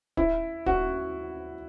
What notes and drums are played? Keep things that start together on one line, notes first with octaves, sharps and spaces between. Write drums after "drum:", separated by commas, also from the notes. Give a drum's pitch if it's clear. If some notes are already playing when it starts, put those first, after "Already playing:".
E4, drum: kick
F#4, drum: kick